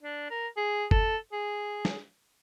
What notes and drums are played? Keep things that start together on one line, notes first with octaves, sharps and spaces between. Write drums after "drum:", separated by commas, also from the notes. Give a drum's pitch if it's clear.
D4
A#4
G#4
A4, drum: kick F#1
G#4
drum: snare